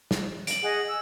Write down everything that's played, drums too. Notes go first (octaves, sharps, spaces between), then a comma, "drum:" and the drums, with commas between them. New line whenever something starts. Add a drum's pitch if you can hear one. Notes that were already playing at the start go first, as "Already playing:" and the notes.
drum: snare
D7 F#7, drum: hi-hat
G#4 D#5 F#5
E6